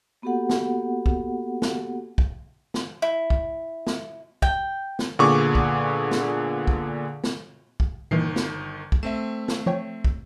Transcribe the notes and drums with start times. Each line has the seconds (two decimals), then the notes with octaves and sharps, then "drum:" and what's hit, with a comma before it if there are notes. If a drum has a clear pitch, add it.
0.22 A#3 B3 F#4 G4 A4 F#5
0.50 drum: snare
1.06 drum: kick
1.62 drum: snare
2.18 drum: kick
2.74 drum: snare
3.02 E4
3.30 drum: kick
3.87 drum: snare
4.42 G5, drum: kick
4.99 drum: snare
5.19 A#2 D3 B3 G#4 C#6 D6
5.55 drum: kick
6.11 drum: snare
6.67 drum: kick
7.24 drum: snare
7.80 drum: kick
8.11 G1 A#2 D#3 E3 C7
8.36 drum: snare
8.92 drum: kick
9.03 A3 C4 E5 E7
9.48 drum: snare
9.66 F3 C#5 G5
10.04 drum: kick